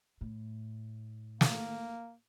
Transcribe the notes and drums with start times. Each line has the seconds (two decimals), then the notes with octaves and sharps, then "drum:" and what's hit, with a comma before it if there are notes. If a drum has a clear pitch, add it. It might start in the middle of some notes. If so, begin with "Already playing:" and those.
0.21 A2
1.41 A#3, drum: snare